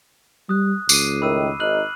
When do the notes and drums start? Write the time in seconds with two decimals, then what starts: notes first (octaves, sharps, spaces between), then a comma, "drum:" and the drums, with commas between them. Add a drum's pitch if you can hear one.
0.49 G3 D#6 F#6
0.89 C#2 D6 C7 D#7, drum: tambourine
1.22 A2 D#3 B5 E6 D#7
1.60 G#1 D#4 F6 F#6 F#7